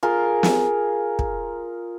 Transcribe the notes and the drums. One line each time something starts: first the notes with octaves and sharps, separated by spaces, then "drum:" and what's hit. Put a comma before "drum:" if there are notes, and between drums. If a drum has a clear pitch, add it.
F4 G#4 A#4
drum: snare
drum: kick